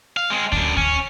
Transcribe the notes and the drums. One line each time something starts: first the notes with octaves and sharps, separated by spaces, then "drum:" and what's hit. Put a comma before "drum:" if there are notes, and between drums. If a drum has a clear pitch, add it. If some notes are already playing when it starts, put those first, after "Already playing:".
F5
G#3 C4
F#2 D4, drum: kick D2
C#4, drum: kick D2